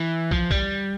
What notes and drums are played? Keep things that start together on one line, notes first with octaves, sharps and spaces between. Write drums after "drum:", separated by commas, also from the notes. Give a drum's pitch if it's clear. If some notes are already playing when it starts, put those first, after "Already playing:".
Already playing: E3
F3, drum: kick
G3, drum: kick